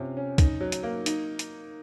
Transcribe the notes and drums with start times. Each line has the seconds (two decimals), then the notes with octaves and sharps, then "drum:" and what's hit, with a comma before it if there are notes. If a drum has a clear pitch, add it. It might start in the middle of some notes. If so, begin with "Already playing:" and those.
Already playing: C3 C#4 F4
0.17 C#4
0.38 D#4, drum: kick, hi-hat
0.61 F#3
0.72 drum: hi-hat
0.83 A#3
1.06 D#4, drum: hi-hat
1.39 drum: hi-hat